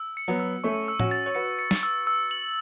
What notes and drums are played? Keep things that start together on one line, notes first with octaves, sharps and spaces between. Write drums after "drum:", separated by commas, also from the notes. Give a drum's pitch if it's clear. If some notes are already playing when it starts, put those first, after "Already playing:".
Already playing: E6
C#7
F#3 B3
E6
A3 C#4 C#6
E6
C#4 F#4, drum: tom A2
A6
C#5
F#4 B4 C#7
C#7
drum: snare
E6
E6
F#7